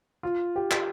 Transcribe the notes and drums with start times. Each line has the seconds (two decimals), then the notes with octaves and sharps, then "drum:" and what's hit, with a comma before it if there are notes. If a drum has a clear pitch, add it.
0.23 F4
0.56 G4
0.71 G4, drum: clap